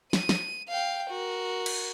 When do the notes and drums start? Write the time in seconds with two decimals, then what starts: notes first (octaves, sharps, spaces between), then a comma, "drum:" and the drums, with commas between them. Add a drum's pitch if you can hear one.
0.13 D#7, drum: snare
0.29 drum: snare
0.69 F5 G5
1.10 F#4 A#4
1.66 drum: cymbal